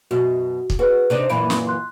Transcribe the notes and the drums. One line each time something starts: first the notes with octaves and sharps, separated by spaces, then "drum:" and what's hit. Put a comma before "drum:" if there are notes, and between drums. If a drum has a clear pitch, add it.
F#2 B2 F#4
drum: kick
F#4 G#4 B4
C3 D4 D#4
F#2 A#2 E3 B5 D7
drum: snare
C6 F#6